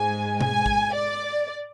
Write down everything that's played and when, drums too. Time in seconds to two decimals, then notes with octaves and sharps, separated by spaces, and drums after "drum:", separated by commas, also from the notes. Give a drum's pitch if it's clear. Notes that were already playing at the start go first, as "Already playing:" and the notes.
Already playing: G#2 G#3 G#5
0.41 G#5, drum: tom B2
0.66 drum: kick
0.94 D5